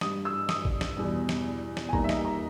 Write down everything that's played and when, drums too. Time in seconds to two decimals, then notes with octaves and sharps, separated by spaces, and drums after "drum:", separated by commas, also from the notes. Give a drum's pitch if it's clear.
0.01 G2 G3 D#6, drum: snare
0.25 E6
0.49 D#6, drum: snare
0.65 drum: kick G#1
0.81 drum: snare
0.97 E2 B2 G3
1.29 drum: snare
1.77 drum: snare
1.89 G#5
1.93 D#2 D#3 G3 A#5, drum: kick G#1
2.04 E5
2.09 D#5, drum: snare
2.25 A#5